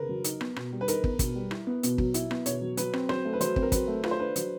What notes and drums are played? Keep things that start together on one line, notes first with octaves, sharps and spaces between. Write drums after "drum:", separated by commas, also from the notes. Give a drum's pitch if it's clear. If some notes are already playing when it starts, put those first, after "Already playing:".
Already playing: C#3 A#4 B4
F#3
D#4, drum: hi-hat
B3, drum: rim click
B2, drum: rim click
G3
B4
D#4 A#4, drum: hi-hat
B3, drum: kick
B2, drum: kick, hi-hat
G3
E4, drum: rim click
B3
B2, drum: hi-hat
F#3, drum: kick
E4, drum: hi-hat
B3, drum: rim click
B2 C#5, drum: hi-hat
F#3
F#3 B4, drum: hi-hat
C4, drum: rim click
F#3 C5, drum: rim click
A3
B4
F#3 C5, drum: hi-hat
C4, drum: kick
A#4
F#3 B4, drum: kick, hi-hat
A3
F4 B4, drum: rim click
C5
D4 B4
F#3, drum: hi-hat